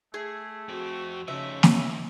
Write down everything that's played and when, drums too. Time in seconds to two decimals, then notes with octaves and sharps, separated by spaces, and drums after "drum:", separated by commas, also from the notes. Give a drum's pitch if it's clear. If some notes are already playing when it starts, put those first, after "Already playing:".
0.14 A3 G#4
0.69 F2 C4 F#4
1.28 C#3 F3 A3 D#4 E5
1.63 drum: snare